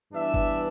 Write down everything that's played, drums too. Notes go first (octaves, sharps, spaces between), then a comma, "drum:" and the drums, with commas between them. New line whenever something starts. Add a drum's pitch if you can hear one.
G2 E3 B3 D4 E5
drum: kick G1